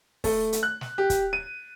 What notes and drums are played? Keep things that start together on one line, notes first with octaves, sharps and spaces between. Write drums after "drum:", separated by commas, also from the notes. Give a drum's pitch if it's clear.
A3, drum: kick, open hi-hat
drum: hi-hat
F#6
drum: snare
G4
drum: kick, hi-hat
D#7